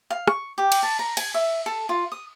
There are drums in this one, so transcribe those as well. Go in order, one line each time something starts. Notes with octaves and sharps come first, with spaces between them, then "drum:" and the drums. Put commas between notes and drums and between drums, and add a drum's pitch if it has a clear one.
F5
C#6, drum: rim click
G4
drum: cymbal
A5
A#5
G#5, drum: cymbal
E5
A4
F4
D#6